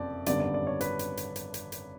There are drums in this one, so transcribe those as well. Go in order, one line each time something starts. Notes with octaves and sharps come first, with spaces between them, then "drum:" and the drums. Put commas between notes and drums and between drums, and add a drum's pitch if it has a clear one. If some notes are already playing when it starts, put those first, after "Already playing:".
Already playing: F#1 F2 C3 D5
G#1 F#2 D3 G3 B3 D5, drum: hi-hat
D5
D5
C#5
B4, drum: hi-hat
drum: hi-hat
drum: hi-hat
drum: hi-hat
drum: hi-hat
drum: hi-hat